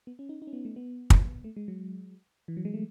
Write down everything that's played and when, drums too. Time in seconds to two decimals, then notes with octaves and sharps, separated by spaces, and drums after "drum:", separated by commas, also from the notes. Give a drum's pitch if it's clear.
0.07 B3
0.19 C#4
0.29 D#4
0.42 D#4
0.47 C#4
0.53 B3
0.65 A3
0.76 B3
1.10 drum: kick
1.44 A3
1.56 G#3
1.68 F#3
2.48 E3
2.57 F#3
2.65 G#3
2.74 A3